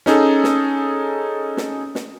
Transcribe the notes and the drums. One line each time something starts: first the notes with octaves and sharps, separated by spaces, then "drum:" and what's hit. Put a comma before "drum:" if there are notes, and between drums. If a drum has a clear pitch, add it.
C#4 D#4 G#4 A4, drum: snare
drum: snare
drum: snare
drum: snare